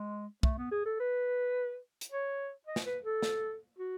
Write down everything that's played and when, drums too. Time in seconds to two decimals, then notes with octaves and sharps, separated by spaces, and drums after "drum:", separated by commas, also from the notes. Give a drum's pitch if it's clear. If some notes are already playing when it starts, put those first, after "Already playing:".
Already playing: G#3
0.43 A3, drum: kick
0.58 B3
0.71 G#4
0.86 A4
1.00 B4
2.01 drum: hi-hat
2.12 C#5
2.67 D#5
2.76 drum: snare
2.86 B4
3.04 A4
3.22 drum: snare
3.79 F#4